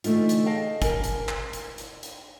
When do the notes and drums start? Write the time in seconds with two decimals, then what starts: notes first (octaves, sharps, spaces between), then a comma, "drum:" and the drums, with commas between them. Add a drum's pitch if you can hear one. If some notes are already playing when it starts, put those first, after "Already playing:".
0.04 D3 E3 A3 D#4 F4, drum: hi-hat
0.29 drum: hi-hat
0.46 G#4 D#5 F5 G5 A5
0.82 A#4 G#5, drum: kick, hi-hat
1.04 drum: hi-hat
1.28 drum: clap
1.53 drum: hi-hat
1.78 drum: hi-hat
2.03 drum: hi-hat